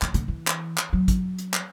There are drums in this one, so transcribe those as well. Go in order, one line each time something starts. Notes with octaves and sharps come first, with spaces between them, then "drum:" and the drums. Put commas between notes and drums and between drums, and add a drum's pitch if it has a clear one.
E3, drum: clap
D3, drum: hi-hat
E3
drum: clap
drum: clap
F#3
drum: kick, hi-hat
drum: hi-hat
drum: clap